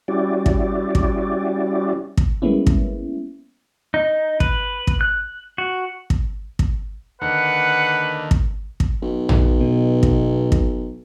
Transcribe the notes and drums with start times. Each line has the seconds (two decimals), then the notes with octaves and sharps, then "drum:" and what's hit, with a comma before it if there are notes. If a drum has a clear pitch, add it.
0.08 G3 C#4 E4 F#4 G4 D5
0.46 drum: kick
0.95 drum: kick
2.17 drum: kick
2.42 G3 G#3 A#3 B3 C#4 E4
2.67 drum: kick
3.94 D#4
4.40 B4, drum: kick
4.87 drum: kick
5.01 F#6
5.58 F#4
6.10 drum: kick
6.59 drum: kick
7.21 D#2 D3 D#3 B4 F#5
8.31 drum: kick
8.80 drum: kick
9.02 B1
9.29 drum: tom A#1
9.61 B2
10.03 drum: kick
10.52 drum: kick